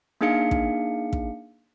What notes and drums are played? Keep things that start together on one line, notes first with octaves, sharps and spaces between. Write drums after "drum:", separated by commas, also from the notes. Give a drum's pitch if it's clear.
A#3 D4 D#4 G#4 F5 C#7
drum: kick
drum: kick